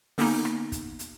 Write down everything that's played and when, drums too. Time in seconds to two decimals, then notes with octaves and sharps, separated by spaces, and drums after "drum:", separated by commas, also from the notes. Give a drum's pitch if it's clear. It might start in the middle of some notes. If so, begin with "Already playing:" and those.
0.18 D3 A#3 B3 C#4 D#4, drum: open hi-hat
0.45 drum: rim click
0.72 drum: kick, hi-hat
0.99 drum: hi-hat